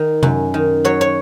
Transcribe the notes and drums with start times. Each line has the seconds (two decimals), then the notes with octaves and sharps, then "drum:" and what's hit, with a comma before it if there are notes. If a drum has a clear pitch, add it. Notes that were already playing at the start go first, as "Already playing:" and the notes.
Already playing: D#3
0.23 F#2, drum: tom C3
0.54 D#3
0.85 F#3 C#5
1.01 C#5